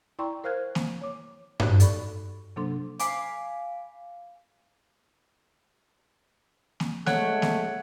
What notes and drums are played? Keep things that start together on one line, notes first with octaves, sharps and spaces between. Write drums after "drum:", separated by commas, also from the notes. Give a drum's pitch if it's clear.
E4 D5 G5 A#5 C6 C#6
A#4 C5 F5 F6 F#6 G#6
drum: snare A#3
C#5 D6
G2 D#4 F#4 G4 F#6, drum: tom G2
A4 D5 B5 C#6, drum: hi-hat
C3 F#3 A#3 D4 A4 C6
F5 G#5 B5 D6, drum: hi-hat
drum: snare A#3
G#3 A3 C#5 F#5 F#6, drum: snare A#3
drum: snare A#3